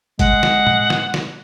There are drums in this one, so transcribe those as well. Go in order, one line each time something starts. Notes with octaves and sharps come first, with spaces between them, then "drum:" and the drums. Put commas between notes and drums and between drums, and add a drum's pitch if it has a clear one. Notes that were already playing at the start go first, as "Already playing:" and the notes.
G#3 F#5, drum: kick G1, hi-hat
drum: snare
drum: tom A2
drum: snare
drum: snare